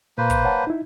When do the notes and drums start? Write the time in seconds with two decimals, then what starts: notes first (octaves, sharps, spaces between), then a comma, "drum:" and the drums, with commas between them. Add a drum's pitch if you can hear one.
0.18 A#2 A#3 B4 C5
0.30 drum: kick, hi-hat
0.45 C#5 F#5 A5
0.67 D#4 E4